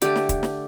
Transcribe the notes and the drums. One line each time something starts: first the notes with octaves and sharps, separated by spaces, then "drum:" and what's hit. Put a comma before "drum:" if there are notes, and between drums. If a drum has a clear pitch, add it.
D3 A3 G4, drum: hi-hat
drum: snare
drum: kick, hi-hat
drum: snare